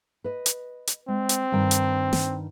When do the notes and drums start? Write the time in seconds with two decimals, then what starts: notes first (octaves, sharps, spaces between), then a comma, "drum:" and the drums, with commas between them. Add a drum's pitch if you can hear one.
0.24 B4 D#5
0.46 drum: hi-hat
0.87 drum: hi-hat
1.08 G#3 C4
1.29 drum: hi-hat
1.52 G2 D#3 G5
1.71 drum: hi-hat
2.13 drum: snare